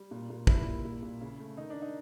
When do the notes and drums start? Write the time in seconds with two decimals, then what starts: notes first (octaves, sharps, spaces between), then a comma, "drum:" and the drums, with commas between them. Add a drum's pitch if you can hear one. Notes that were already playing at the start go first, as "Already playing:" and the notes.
Already playing: G3
0.11 A#2
0.30 A#2
0.47 G3 E4, drum: kick
0.66 A#3
0.85 A#2
1.03 A#2
1.21 C#3
1.40 A3
1.57 D#3 D#4
1.70 D4
1.76 D#3
1.82 D#4